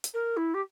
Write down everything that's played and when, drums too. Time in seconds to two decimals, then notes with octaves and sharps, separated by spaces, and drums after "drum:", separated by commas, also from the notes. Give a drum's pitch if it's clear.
0.04 drum: hi-hat
0.14 A#4
0.37 E4
0.54 G4